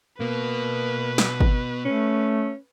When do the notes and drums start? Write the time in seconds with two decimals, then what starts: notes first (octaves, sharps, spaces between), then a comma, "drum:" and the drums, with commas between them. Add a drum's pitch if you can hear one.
0.20 B2 A#3 B3 B4
1.18 drum: snare
1.41 drum: kick G1
1.85 A3 C#4